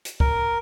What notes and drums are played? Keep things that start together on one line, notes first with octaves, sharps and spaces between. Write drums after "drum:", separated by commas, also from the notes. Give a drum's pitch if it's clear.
drum: hi-hat
A#4, drum: kick